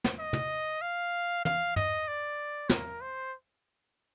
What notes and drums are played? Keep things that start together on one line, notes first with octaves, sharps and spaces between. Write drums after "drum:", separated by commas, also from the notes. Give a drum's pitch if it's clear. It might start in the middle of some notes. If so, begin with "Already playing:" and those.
drum: snare
D#5
drum: tom
F5
F5, drum: tom
D#5, drum: tom
D5
A#4, drum: snare
C5